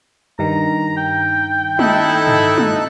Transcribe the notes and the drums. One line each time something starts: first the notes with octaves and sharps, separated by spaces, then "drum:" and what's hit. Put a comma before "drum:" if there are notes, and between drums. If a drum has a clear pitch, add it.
G2 D#3 A#5
G5
D#4 E4 A4 F#6, drum: tom
drum: tom
drum: tom